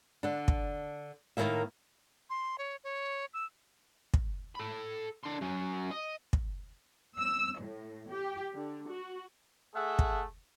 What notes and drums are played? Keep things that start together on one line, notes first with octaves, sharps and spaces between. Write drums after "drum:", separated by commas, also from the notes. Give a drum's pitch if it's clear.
D3 D4
drum: kick
A2 D#3 F3 F#3 A#3 E5
C6
C#5
C#5
E6
drum: kick
A4 B5
D4 C6
F#3 C#4
D#5
drum: kick
E6
A2
G4
D3
F#4
A3 G#4 A4 E5 F#5
drum: kick